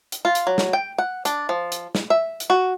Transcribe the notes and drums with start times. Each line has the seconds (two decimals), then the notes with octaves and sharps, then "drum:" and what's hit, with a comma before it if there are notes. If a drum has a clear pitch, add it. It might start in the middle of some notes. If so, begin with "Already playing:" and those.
0.12 drum: hi-hat
0.25 F4
0.35 drum: hi-hat
0.47 F#3
0.58 drum: snare
0.73 G5
0.98 F#5
1.25 D4, drum: hi-hat
1.49 F3
1.72 drum: hi-hat
1.95 drum: snare
2.10 E5
2.40 drum: hi-hat
2.50 F#4